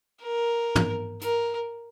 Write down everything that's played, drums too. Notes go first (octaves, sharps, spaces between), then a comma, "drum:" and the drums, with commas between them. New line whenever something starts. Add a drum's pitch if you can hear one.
A#4
drum: tom
A#4, drum: hi-hat